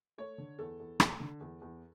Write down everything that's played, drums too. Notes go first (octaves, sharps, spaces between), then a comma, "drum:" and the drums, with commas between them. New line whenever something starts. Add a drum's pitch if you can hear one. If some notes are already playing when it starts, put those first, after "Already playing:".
A3 C#5
D3
E2 A4
E2
A3, drum: rim click
D3
E2
E2